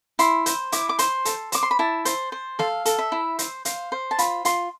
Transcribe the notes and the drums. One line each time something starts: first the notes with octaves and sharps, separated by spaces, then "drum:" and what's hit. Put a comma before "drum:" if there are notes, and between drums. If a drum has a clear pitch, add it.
E4 C6, drum: hi-hat
C5, drum: hi-hat
E4 D6, drum: hi-hat
D6
C5 C6, drum: hi-hat
A4, drum: hi-hat
C5 D6, drum: hi-hat
C6
B5
E4 A5
C5, drum: hi-hat
C5
A4 F5, drum: snare
A4, drum: hi-hat
E5
E4
C5, drum: hi-hat
C5 F5, drum: hi-hat
C5
A5
F4 B5, drum: hi-hat
F4 C6, drum: hi-hat